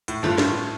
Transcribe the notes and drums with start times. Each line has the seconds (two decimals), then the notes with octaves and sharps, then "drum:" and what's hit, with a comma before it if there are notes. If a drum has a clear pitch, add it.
0.08 A2, drum: hi-hat
0.23 G2 A3 F4 A4
0.38 A2, drum: snare